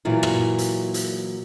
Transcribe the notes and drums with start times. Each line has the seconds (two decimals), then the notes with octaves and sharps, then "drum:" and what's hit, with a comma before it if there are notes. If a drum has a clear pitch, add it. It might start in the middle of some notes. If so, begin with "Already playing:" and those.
0.05 A#2 E3 F#3 F4
0.23 drum: rim click
0.58 drum: hi-hat
0.94 drum: hi-hat